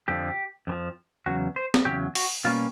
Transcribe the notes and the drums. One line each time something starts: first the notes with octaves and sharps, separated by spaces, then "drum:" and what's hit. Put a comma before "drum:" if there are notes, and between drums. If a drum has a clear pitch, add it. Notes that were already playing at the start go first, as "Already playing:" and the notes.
F2 D3 F3 G4
F2 D3 F3
E2 C#3 F#3 F#4
C5
drum: snare
E2 C#3 F#3 G4
F#4, drum: open hi-hat
B2 G3 A#3 C#4 F4